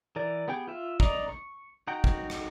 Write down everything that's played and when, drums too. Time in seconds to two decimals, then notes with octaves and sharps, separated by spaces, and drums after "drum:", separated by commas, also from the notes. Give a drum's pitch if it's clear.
0.16 E3 A#4 D5
0.48 B3 G4 G#4 G5
0.67 F4 E5
1.00 D5 D#5 A#5, drum: kick
1.29 C#6
1.87 D#4 F#4 F#5 G5 A#5
2.04 drum: kick
2.30 drum: rim click